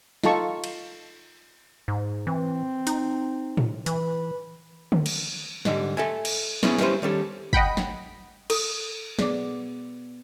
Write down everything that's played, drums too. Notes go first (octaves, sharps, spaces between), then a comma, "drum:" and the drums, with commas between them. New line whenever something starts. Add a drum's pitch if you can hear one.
D#4 F4 A4 A5 C#6, drum: snare
drum: cymbal
G#2
E3 C4
D#4, drum: hi-hat
drum: tom A2
E3 B4, drum: hi-hat
drum: tom D3
drum: cymbal
G#2 D3 G3, drum: snare
A4 E5 G#5
drum: cymbal
B3 C#4 E4 G#4 C#5, drum: snare
G3 C#4 E4 B4 C5, drum: snare
D#3 G3 C#4 A4
D#5 F#5 G5 B5, drum: kick
drum: snare
A4 D#6, drum: cymbal
B3 G#4 D5 D6, drum: snare